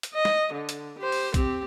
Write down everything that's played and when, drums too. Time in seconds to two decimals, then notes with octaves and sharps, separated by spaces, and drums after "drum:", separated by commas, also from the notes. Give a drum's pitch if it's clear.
0.03 drum: hi-hat
0.14 D#5
0.25 drum: snare
0.53 D3
0.69 drum: hi-hat
0.99 G4 C5
1.12 drum: open hi-hat
1.34 C4 G4, drum: kick A#1, hi-hat